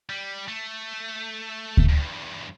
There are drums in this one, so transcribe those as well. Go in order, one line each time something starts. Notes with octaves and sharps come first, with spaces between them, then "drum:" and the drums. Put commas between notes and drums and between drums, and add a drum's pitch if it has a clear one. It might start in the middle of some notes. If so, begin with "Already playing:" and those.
G3
A3
drum: kick D2
E2 G2